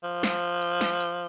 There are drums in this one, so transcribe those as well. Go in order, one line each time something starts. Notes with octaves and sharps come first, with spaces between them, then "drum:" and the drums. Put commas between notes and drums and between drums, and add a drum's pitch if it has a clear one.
F3
drum: snare
drum: hi-hat
drum: snare
drum: hi-hat